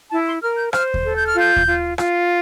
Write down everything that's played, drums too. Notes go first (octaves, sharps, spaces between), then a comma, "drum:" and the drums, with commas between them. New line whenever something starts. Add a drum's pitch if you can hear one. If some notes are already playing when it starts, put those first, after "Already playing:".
E4 A5
C6
A#4 F6
G6
C5 F6, drum: rim click
drum: kick D#2
A4
G6
F6
F4 G6
drum: kick D#2
F4
F4, drum: rim click